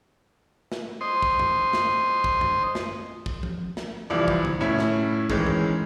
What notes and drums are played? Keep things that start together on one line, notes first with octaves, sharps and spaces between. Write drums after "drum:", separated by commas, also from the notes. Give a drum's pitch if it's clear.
drum: snare
C5 D#5 C6
drum: kick
drum: tom F#2
drum: snare
drum: kick
drum: tom F#2
drum: snare
drum: kick
drum: tom F3
drum: snare
C2 E3 F3 D5
drum: kick
drum: tom C#3
A2 C#4 E4
drum: snare
D#3 E3 G#3 C#4, drum: kick
drum: tom F#2